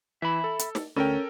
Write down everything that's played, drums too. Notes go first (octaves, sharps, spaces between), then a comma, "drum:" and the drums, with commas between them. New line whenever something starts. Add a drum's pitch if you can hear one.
E3 E5 B5
A4
drum: hi-hat
drum: snare
D2 C#4 A4 A#4 G5